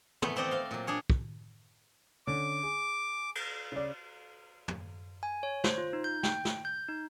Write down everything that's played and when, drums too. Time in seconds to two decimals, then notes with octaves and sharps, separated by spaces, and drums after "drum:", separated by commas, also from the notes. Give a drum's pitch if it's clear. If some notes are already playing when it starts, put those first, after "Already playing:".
0.22 E3 A3 B3, drum: tom
0.36 B3 C4 C5 D5 D#5 F#5
0.51 C4 F5 C6
0.71 A#2 F#3
0.87 D4 G#4 C#5
1.10 drum: kick
2.27 D3 C#4 D6
2.63 G#4
3.35 drum: cymbal
3.72 C#3 D5
4.68 drum: tom
5.23 G#5
5.43 C#5
5.64 C5, drum: snare
5.78 F4
5.93 D#4
6.04 G6
6.23 G5, drum: snare
6.45 drum: snare
6.65 G6
6.88 D#4